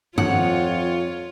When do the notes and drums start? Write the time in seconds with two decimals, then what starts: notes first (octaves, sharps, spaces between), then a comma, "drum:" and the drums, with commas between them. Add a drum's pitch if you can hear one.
0.18 F2 F4 C#5 F#5, drum: tom G2